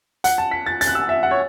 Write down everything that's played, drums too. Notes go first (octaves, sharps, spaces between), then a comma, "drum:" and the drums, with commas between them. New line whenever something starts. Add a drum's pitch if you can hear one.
F#5, drum: hi-hat
A5
B6
A6
A6, drum: hi-hat
F#6
E6
E5
F#5
C#5